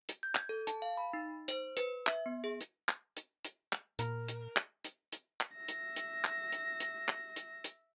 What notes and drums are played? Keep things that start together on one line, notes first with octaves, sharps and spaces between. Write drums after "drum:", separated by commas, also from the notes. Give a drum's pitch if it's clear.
drum: hi-hat
G6
G#6, drum: clap
A4
A5, drum: hi-hat
F5
B5
D#4
C5, drum: hi-hat
B4, drum: hi-hat
E5, drum: clap
B3
G#4
drum: hi-hat
drum: clap
drum: hi-hat
drum: hi-hat
drum: clap
A#2 A#4, drum: hi-hat
drum: hi-hat
drum: clap
drum: hi-hat
drum: hi-hat
drum: clap
E5 A#6
drum: hi-hat
drum: hi-hat
drum: clap
drum: hi-hat
drum: hi-hat
drum: clap
drum: hi-hat
drum: hi-hat